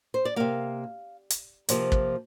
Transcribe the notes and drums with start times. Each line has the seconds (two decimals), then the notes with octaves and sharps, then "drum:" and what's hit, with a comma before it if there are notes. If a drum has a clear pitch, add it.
0.14 C5
0.25 D5
0.36 C3 A#3 F5
1.30 drum: hi-hat
1.69 C3 F3 A#3, drum: hi-hat
1.92 drum: kick